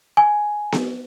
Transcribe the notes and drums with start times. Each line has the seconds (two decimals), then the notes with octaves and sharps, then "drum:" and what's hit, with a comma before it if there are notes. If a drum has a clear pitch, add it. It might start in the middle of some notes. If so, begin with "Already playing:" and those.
0.17 G#5
0.72 drum: snare B3